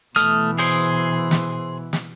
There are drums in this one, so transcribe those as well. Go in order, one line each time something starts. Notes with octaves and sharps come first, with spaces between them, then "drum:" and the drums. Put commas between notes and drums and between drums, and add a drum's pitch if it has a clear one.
B2 E3 A3 D#6 F6, drum: hi-hat
G#4 C5, drum: open hi-hat
drum: snare
drum: snare